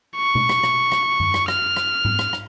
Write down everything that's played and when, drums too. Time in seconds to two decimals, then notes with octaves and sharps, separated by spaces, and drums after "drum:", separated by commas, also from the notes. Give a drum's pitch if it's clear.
0.17 C#6
0.35 drum: tom B2
0.49 drum: rim click
0.63 drum: rim click
0.92 drum: rim click
1.20 drum: tom F#2
1.34 drum: rim click
1.48 F6, drum: rim click
1.76 drum: rim click
2.05 drum: tom G#2
2.19 drum: rim click
2.33 drum: rim click